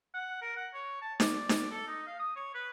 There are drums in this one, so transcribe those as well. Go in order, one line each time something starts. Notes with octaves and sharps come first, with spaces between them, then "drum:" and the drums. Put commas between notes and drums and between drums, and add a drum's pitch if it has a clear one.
F#5
A#4
F#5
C#5
A5
D5, drum: snare D#4
drum: snare D#4
A4
D#4
F5
D#6
C#5
B4